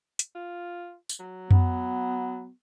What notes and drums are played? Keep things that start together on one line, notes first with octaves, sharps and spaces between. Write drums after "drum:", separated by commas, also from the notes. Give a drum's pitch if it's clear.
drum: hi-hat
F4
drum: tambourine
F#3
B3, drum: tom F2